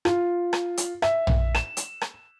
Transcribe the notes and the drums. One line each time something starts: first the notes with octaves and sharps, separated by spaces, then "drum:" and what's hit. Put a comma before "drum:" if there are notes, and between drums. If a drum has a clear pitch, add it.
F4, drum: rim click
drum: rim click
drum: hi-hat
E5, drum: rim click
drum: tom A#1
E7, drum: rim click
drum: hi-hat
drum: rim click